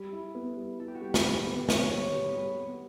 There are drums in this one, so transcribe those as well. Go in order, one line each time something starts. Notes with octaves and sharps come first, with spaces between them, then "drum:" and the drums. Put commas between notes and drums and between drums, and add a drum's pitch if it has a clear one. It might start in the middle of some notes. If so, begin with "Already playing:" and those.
Already playing: G3 B4
E4
B3
G3
E4 A4
G4
F#4
G3 G4
B4, drum: snare
G3 A4
B3
B3 C#5, drum: snare
G3
C#5
G3
B4
G3
B3 F#4